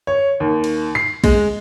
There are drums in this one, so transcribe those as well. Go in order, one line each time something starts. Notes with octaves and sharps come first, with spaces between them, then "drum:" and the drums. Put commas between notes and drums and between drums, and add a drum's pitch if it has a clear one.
C#5
D#2
drum: cymbal
C7
G#3, drum: kick, cymbal